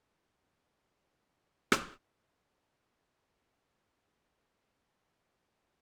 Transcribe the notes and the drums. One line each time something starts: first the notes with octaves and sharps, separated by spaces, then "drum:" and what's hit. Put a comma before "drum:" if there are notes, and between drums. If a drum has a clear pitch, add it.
E2 C3 E3 C4 E4
D4 F4
drum: rim click
D4 F4
D4 F4
E4 G4
G2 D3 F3 D4 F4
F4 A4
G4 B4
F4 A4
E4 G4
D4 F4
G4 B4
A4 C5
A4 C5
G4 B4